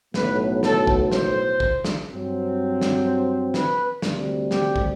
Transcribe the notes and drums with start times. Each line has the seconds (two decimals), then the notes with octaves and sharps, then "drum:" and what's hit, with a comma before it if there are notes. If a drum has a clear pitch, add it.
0.14 B1 A2 F#3 B3 B4, drum: snare
0.63 A4, drum: snare
0.87 drum: kick
1.12 C5, drum: snare
1.60 drum: kick
1.84 drum: snare
2.09 G2 F#3 C4
2.82 drum: snare
3.06 C5
3.54 B4, drum: snare
4.02 D2 C3 G3 C4, drum: snare
4.51 G4, drum: snare
4.76 drum: kick